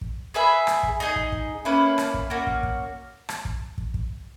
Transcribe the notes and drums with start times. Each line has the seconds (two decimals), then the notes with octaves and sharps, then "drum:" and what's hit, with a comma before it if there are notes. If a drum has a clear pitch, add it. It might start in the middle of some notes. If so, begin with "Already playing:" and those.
0.01 drum: kick
0.34 G#4 B4 E5 G#5
0.67 drum: rim click
0.83 drum: kick
1.00 D#4 G#4 D#5
1.16 drum: kick
1.32 drum: kick
1.65 A#3 C#4 E4 B4
1.98 drum: rim click
2.14 drum: kick
2.30 A#3 C#4 F#4
2.47 drum: kick
2.63 drum: kick
3.29 drum: rim click
3.45 drum: kick
3.78 drum: kick
3.94 drum: kick